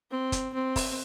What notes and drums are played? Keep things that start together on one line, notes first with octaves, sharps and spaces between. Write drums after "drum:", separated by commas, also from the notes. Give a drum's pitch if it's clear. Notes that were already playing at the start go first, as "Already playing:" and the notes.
C4
drum: kick, hi-hat
C4
drum: kick, open hi-hat